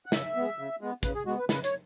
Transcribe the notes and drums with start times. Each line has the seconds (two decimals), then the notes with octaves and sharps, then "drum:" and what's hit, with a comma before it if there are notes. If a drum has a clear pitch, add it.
0.06 F#5
0.12 C#3 E5, drum: snare
0.36 G#3 B3
0.58 C#3
0.81 G#3 B3
1.03 C#3 B4, drum: kick, hi-hat
1.15 G#4
1.26 G#3 B3 F#4
1.38 B4
1.49 C#3 B4, drum: snare
1.64 C#5, drum: hi-hat